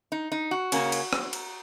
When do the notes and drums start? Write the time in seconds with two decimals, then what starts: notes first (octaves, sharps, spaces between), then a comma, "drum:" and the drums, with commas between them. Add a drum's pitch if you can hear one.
0.12 D#4
0.32 D#4
0.51 F#4
0.72 C#3 A#3 C#4, drum: cymbal
0.92 drum: cymbal
1.13 drum: rim click
1.33 drum: cymbal